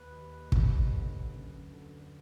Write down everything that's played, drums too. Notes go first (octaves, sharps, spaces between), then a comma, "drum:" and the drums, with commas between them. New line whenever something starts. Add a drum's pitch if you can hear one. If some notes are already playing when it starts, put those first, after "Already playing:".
Already playing: D#2 B4
D#2
D#2, drum: kick
D3
F#2
D3